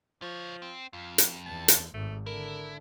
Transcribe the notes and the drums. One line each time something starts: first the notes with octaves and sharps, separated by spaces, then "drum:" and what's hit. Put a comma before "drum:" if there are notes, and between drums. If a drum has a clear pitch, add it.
F3 F4 C#5
C4
F2 F4
drum: hi-hat
E2 A5
drum: hi-hat
G#1 G#2 A3
D3 E4 A#4